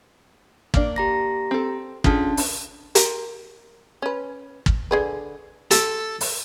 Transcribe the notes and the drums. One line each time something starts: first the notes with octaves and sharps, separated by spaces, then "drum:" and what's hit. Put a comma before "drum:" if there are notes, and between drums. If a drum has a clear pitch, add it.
A#3 D4, drum: kick
G4 A#5 A#6
C4 A4
C#4 D4 F4 G#4 A4 A5, drum: kick
drum: open hi-hat
A#4, drum: hi-hat
C#4 B4
drum: kick
D3 G#4 B4
A4, drum: hi-hat
drum: open hi-hat